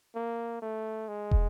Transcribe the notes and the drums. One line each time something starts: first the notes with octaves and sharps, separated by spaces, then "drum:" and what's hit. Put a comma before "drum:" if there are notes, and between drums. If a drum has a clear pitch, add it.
A#3
A3
G#3
drum: kick